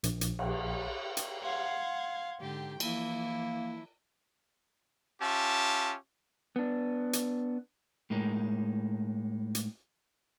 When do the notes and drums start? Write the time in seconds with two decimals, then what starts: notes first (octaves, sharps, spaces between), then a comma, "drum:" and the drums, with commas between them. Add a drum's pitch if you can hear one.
0.04 A#1, drum: hi-hat
0.21 drum: hi-hat
0.39 drum: cymbal
1.17 drum: hi-hat
1.42 F5 F#5 C6 G#6
2.40 G#2 D3 G4 G5
2.80 E3 F3 A#3 E4, drum: cymbal
5.21 C#4 F4 G4 E5 A5
6.56 B3 D4
7.13 drum: hi-hat
8.10 A2 G#3 A#3 D#4
9.55 drum: hi-hat